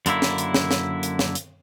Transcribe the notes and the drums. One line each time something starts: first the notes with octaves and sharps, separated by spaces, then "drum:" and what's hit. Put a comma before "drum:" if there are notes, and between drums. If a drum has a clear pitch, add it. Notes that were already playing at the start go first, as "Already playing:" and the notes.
F#2 D3 A#3 E4, drum: hi-hat
drum: snare
drum: hi-hat
drum: snare
drum: snare
drum: hi-hat
drum: snare
drum: hi-hat